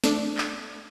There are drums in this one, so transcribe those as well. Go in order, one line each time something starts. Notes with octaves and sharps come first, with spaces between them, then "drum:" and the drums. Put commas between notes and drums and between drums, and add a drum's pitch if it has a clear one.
A3 D4, drum: snare
drum: clap